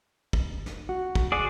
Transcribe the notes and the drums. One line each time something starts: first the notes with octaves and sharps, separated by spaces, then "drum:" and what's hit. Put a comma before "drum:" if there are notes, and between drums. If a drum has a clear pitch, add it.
drum: kick
drum: snare
F#4
drum: kick
F#4 G#4 D5